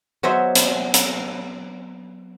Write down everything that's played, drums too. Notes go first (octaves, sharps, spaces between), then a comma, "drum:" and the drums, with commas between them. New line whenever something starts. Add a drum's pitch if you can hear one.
F#3 B3 C5 C#5 D#5 E5
drum: hi-hat
drum: hi-hat